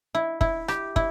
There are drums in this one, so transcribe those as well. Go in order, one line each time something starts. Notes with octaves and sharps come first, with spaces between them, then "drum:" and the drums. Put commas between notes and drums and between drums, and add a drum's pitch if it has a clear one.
E4
E4, drum: kick
G4, drum: rim click
E4, drum: kick